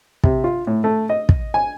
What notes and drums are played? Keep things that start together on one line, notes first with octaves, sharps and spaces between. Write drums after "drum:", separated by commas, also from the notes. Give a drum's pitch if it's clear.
C3, drum: kick
F4
A2
A3
D#5
drum: kick
G#5